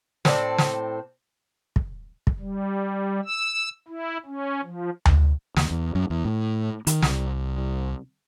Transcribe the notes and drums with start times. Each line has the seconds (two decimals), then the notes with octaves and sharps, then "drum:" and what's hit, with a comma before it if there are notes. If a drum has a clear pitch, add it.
0.25 A2 C4 A4 D5, drum: snare
0.58 drum: snare
1.76 drum: kick
2.27 drum: kick
2.39 G3
3.25 E6
3.88 E4
4.26 C#4
4.64 F3
5.05 drum: tom D2
5.56 D#2, drum: snare
5.71 E2
5.95 F#2
6.10 E2
6.25 A2
6.87 D#3, drum: hi-hat
7.02 C2, drum: snare